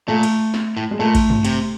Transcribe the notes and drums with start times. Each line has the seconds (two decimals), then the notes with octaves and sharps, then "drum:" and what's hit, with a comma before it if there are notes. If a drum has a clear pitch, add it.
0.08 A#2 A3
0.23 drum: cymbal
0.54 drum: snare
0.77 A2
0.91 G#3
0.99 A#2 A3
1.15 drum: kick A1, cymbal
1.30 drum: tom G2
1.45 C3, drum: cymbal